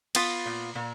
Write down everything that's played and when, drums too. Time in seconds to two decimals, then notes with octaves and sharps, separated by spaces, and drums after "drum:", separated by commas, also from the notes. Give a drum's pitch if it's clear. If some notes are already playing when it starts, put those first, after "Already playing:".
0.15 B3 F4, drum: cymbal
0.46 A#2
0.75 A#2